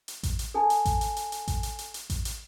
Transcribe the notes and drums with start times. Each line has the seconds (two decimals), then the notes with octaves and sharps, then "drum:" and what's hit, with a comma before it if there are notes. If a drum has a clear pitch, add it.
0.08 drum: hi-hat
0.23 drum: kick A1, hi-hat
0.39 drum: hi-hat
0.54 A4 G#5 A5
0.70 drum: hi-hat
0.85 drum: kick A1, hi-hat
1.01 drum: hi-hat
1.17 drum: hi-hat
1.32 drum: hi-hat
1.48 drum: kick A1, hi-hat
1.63 drum: hi-hat
1.79 drum: hi-hat
1.94 drum: hi-hat
2.10 drum: kick A1, hi-hat
2.25 drum: hi-hat